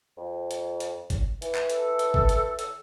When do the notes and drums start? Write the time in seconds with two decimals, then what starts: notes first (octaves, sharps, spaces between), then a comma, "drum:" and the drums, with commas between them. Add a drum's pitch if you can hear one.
0.17 F2
0.51 drum: hi-hat
0.80 drum: hi-hat
1.10 drum: kick G#1, hi-hat
1.42 E3, drum: hi-hat
1.55 drum: clap
1.70 A4, drum: hi-hat
1.99 drum: hi-hat
2.14 drum: kick G#1
2.29 drum: hi-hat
2.59 drum: hi-hat